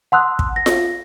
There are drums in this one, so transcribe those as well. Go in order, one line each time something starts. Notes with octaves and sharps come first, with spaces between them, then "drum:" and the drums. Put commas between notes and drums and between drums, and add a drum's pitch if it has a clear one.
F#5 A5 C6 D#6 E6 F#6
drum: kick
A#6
drum: snare F4